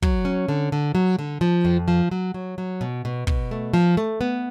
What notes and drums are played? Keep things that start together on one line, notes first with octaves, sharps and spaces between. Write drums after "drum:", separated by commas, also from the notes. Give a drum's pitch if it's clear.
F#3, drum: kick
C#4
D3
D3
F#3
D3
F3
F2
F3
F#3
F#3
F#3
B2
B2
B2, drum: kick
A3
F3
A3
B3